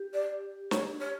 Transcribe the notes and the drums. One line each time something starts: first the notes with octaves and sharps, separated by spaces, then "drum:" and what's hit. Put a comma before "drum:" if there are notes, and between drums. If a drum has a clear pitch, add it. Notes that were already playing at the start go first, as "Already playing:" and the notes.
Already playing: G4
D5
C#5, drum: snare
C#5